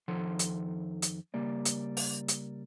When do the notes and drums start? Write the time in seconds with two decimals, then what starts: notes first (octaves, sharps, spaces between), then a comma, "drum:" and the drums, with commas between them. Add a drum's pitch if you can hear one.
0.08 F2 D#3 F3 A4 F#5 C6
0.39 drum: hi-hat
1.02 drum: hi-hat
1.34 C#3 G3 A#3 D5
1.65 drum: hi-hat
1.97 drum: open hi-hat
2.28 drum: hi-hat